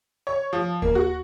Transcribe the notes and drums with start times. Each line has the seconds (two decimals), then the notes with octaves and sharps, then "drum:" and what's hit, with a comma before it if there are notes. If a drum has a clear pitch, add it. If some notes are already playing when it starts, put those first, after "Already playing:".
0.27 C#5
0.53 F3
0.82 A#3, drum: kick D#2
0.95 F#4